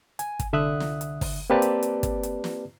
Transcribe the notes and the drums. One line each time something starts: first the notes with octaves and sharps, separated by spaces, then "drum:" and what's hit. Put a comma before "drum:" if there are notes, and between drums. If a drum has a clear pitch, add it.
G#5, drum: hi-hat
drum: kick, hi-hat
C2 D3 E5 D#6 F#6
drum: snare
drum: hi-hat
drum: kick, open hi-hat
A#3 C4 G4 B4 D5 A5
drum: hi-hat
drum: hi-hat
drum: kick, hi-hat
drum: hi-hat
drum: snare